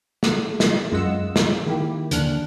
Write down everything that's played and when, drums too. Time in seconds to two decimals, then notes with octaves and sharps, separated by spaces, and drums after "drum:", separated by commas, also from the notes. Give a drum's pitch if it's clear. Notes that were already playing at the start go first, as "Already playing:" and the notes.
0.23 A3, drum: snare
0.60 drum: snare
0.92 F#2 G#3 F4 D#5 F#5 E6
1.36 drum: snare
1.66 D#3 A#3 E4 G4
2.11 D#2 D3 D4 F6 F#6, drum: hi-hat